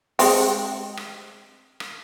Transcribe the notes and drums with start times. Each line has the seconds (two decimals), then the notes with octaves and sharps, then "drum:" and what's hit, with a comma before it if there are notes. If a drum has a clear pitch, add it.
0.19 G#3 C4 G4, drum: open hi-hat
0.97 drum: rim click
1.80 drum: rim click